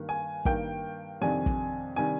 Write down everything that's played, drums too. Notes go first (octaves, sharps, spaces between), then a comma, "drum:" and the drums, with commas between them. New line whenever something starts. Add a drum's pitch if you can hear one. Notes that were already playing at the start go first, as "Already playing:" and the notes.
Already playing: G2 D#3 A#3
G#5
G2 D#3 A#3 G5, drum: kick
F2 C3 D#3 G3 D4 G#5
drum: kick
C3 D#3 G3 D4 G#5